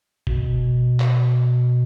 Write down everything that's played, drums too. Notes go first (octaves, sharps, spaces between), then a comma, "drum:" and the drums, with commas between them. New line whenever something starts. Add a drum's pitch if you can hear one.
B2, drum: kick F#1
drum: clap